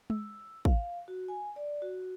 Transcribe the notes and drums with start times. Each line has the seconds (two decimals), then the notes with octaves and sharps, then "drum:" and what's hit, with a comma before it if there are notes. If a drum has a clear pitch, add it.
0.10 E6, drum: tom G#3
0.65 F5, drum: kick
1.08 F#4
1.28 G#5
1.56 D5
1.82 F#4